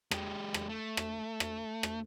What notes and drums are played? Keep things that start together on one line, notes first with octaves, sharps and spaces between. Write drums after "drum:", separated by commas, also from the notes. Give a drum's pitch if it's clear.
G#3 G4, drum: rim click
drum: rim click
A3
drum: rim click
drum: rim click
drum: rim click